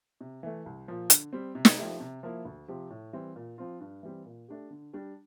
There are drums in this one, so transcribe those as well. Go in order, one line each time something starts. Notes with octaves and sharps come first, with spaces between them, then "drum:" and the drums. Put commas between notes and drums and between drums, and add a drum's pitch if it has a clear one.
C3
E3 A3
C2
A#2 F3
D3, drum: hi-hat
G3 C4
C3
drum: snare
F3 A3 E4 G4
C3
F3 A#3 E4
D2
C3 F3 C4 G4
A2
E3 G3 C4
A#2
F3 C4 F4
G2
E3 G3 C4
A#2
A3 D4 G4
D3
G3 D4 G4